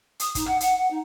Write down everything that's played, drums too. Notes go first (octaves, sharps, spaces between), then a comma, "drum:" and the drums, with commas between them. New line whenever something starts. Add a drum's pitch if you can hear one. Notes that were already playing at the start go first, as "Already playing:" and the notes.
D#6, drum: hi-hat
D#4, drum: kick, hi-hat
F#5, drum: rim click
F#5, drum: hi-hat
F#5
D#4